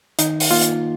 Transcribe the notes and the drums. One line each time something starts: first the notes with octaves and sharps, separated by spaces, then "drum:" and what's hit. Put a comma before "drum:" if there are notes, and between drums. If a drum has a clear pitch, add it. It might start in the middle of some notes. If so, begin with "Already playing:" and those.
D#3 D#4, drum: hi-hat
drum: open hi-hat
A#3 F4
drum: hi-hat